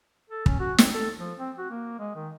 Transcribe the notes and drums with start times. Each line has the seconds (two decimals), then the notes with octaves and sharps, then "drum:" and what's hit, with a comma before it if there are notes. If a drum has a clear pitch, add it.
0.30 A4
0.46 C#4, drum: kick
0.60 F#4
0.78 C4, drum: snare
0.93 A4
1.18 F3
1.38 C4
1.58 F#4
1.71 A#3
1.99 G#3
2.15 D#3